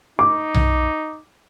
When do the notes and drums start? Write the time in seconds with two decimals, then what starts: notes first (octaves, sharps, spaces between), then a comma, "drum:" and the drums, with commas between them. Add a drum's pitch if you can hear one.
0.19 D#4 D6
0.54 drum: tom B1